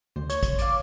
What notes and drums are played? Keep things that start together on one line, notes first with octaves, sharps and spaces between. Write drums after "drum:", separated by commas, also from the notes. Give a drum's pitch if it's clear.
D2 C5
C#5, drum: hi-hat
drum: kick, hi-hat
D5 F5, drum: hi-hat